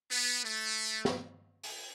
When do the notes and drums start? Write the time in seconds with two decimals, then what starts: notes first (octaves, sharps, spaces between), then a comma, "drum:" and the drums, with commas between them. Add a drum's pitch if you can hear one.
0.09 B3
0.43 A3
1.05 drum: snare
1.64 drum: open hi-hat